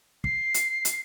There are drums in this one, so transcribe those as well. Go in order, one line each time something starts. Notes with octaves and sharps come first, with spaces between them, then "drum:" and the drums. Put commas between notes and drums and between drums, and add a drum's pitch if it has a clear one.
C7, drum: kick
drum: hi-hat
drum: hi-hat